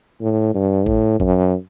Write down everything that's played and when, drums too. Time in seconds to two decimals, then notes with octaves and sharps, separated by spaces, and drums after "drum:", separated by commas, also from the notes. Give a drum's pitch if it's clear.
0.21 A2
0.54 G2
0.86 A2, drum: kick
1.20 F#2, drum: kick